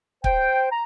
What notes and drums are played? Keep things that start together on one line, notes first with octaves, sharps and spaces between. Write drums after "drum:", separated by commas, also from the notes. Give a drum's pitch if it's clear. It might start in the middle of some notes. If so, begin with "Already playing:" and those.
C5 G5, drum: kick
A#5